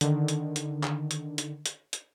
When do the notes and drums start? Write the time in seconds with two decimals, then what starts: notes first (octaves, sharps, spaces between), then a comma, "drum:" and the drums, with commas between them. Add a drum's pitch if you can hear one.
0.01 D3 D#3, drum: hi-hat
0.28 drum: hi-hat
0.56 drum: hi-hat
0.83 drum: clap
1.11 drum: hi-hat
1.38 drum: hi-hat
1.66 drum: hi-hat
1.93 drum: hi-hat